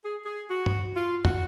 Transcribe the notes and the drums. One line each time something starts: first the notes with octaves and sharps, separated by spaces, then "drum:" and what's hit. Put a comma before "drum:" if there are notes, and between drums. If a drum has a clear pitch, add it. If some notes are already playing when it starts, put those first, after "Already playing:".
G#4
G#4
F#4
drum: tom G2
F4
F#4, drum: tom